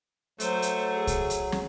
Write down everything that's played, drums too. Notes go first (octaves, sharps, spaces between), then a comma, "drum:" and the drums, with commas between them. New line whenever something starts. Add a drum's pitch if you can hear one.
F#3 A3 C5, drum: hi-hat
drum: hi-hat
G#4
drum: kick C2, hi-hat
drum: hi-hat
drum: snare